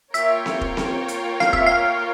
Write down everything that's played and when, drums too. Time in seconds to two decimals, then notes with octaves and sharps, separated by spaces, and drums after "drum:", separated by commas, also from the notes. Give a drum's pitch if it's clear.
0.14 A#3 F4 A#4 C#5 E5 G5, drum: hi-hat
0.46 drum: snare C4
0.61 drum: kick
0.77 drum: snare C4
1.08 drum: hi-hat
1.40 F5, drum: snare C4
1.53 E5, drum: kick
1.66 F5